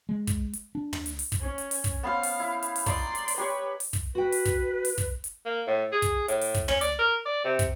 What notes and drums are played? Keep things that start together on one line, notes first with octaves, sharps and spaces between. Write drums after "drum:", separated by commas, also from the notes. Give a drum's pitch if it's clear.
G#3
drum: kick, hi-hat
drum: hi-hat
D4
drum: tom
drum: hi-hat
drum: open hi-hat
drum: kick, hi-hat
C#4
drum: hi-hat
drum: open hi-hat
drum: kick, hi-hat
B3 C#4 C5 F5
drum: open hi-hat
E4
drum: hi-hat
drum: open hi-hat
D5 D#5 A#5 C6, drum: kick, hi-hat
drum: hi-hat
drum: open hi-hat
G4 B4 C#5 C#6
drum: open hi-hat
drum: kick, hi-hat
F#4 B4 G5
drum: open hi-hat
drum: kick, hi-hat
drum: open hi-hat
drum: kick, hi-hat
drum: hi-hat
A#3
A2
G#4
drum: kick, hi-hat
A2, drum: hi-hat
drum: open hi-hat
drum: kick, hi-hat
C#4, drum: tom
D5, drum: hi-hat
A#4
D5
C3
drum: kick, hi-hat